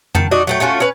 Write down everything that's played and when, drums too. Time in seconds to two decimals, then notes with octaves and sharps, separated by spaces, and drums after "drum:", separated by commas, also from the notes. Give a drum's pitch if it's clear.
0.15 D#3 A5, drum: tom F2
0.31 D4 D#4 F#4
0.47 F#3 A3 G5
0.60 A3 C#4 F4 F#4
0.80 C#4 B4